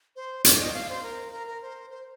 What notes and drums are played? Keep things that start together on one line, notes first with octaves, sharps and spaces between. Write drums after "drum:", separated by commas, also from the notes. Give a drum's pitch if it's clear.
C5
D5, drum: hi-hat
D#5
F5
C5
A#4
A#4
A#4
C5
C5